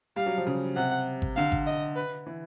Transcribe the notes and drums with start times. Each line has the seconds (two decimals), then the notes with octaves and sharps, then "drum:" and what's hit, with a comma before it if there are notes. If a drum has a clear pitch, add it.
0.16 G3 F5
0.26 F#3
0.38 F3
0.47 C#3
0.76 C3 F#5
1.22 drum: kick G#1
1.36 D3 F5
1.52 drum: kick G#1
1.67 D#5
1.96 B4
2.27 E3